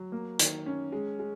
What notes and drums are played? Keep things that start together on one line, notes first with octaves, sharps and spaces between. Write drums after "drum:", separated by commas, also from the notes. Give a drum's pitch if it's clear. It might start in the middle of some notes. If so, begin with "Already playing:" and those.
Already playing: F#3
A#3
D#3, drum: hi-hat
C#4
G#3
G#3